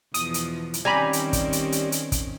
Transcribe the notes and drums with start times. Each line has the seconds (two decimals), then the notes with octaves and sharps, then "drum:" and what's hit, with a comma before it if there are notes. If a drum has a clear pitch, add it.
0.14 E2 B2 F3 D#6, drum: hi-hat
0.34 drum: hi-hat
0.74 drum: hi-hat
0.85 D#3 G3 C4 C#4 G#5 A#5 B5
1.13 drum: hi-hat
1.33 drum: kick, hi-hat
1.53 drum: hi-hat
1.72 drum: hi-hat
1.92 drum: hi-hat
2.12 drum: kick, hi-hat